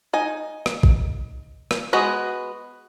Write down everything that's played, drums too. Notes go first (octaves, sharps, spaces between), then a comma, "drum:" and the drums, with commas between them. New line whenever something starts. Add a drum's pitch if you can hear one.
D#4 G#5
drum: rim click
drum: kick A1
drum: rim click
G#3 B3 F#4 G#4